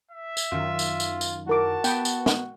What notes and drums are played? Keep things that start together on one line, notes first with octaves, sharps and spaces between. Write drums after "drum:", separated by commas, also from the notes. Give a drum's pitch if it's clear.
E5
drum: tambourine
F#2 D#3 F4
drum: tambourine
drum: tambourine
drum: tambourine
E4 F#4 A#4 A5 D6
B3 G5 B5, drum: tambourine
drum: tambourine
drum: snare